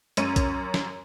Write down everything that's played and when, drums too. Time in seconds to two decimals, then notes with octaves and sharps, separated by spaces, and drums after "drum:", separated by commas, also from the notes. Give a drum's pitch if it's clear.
0.17 F#2 C#4 D#7, drum: hi-hat
0.36 drum: kick A#1, hi-hat
0.74 drum: snare